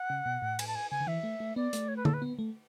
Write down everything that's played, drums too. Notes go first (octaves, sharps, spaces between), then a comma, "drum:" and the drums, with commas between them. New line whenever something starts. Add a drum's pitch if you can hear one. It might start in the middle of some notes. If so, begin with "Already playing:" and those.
Already playing: F#5
C#3
B2
A2
G#5, drum: cymbal
A5
G#5
C#3 G#5
D3
E3 E5
A3
A3
B3 D5
A3, drum: hi-hat
C#5
B4
A4, drum: tom D3
B4
B3
A3